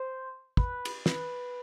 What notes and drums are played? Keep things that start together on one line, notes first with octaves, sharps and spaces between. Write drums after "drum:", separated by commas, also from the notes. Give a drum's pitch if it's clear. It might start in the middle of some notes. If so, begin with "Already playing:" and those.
Already playing: C5
B4, drum: kick
drum: cymbal
B4, drum: snare